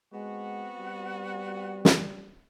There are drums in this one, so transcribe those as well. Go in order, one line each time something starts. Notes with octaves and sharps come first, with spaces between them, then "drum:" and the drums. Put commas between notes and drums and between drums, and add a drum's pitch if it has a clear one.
G#3 B3 C4 F#4
G3
drum: snare